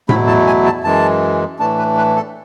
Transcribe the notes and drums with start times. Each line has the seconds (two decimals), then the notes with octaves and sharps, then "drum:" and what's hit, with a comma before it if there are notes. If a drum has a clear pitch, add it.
0.09 E2 B2 F#3 A3 E4 B5, drum: tom A2
0.27 A5
0.47 G#5
0.65 A5
0.84 F#2 E3 G#3 A5
1.59 A2 E3 A3 D4 A5
1.78 B4
1.98 B4
2.16 A4